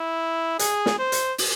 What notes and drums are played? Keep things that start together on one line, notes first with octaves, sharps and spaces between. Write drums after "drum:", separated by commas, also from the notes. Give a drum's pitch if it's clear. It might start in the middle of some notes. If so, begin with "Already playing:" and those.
Already playing: E4
G#4, drum: hi-hat
drum: snare
C5
drum: hi-hat
drum: open hi-hat